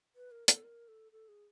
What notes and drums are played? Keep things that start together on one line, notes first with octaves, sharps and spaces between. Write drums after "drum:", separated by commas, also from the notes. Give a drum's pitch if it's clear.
B4
A#4
A4, drum: hi-hat
A#4
A4
A4
G#4